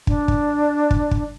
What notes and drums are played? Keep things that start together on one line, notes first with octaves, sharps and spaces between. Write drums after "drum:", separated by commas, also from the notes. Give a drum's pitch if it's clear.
D4, drum: kick
drum: kick
drum: kick
drum: kick